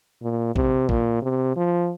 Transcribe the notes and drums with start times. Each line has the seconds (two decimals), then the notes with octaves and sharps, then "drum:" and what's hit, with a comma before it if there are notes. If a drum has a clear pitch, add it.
0.23 A#2
0.56 C3, drum: kick
0.89 A#2, drum: kick
1.22 C3
1.57 F3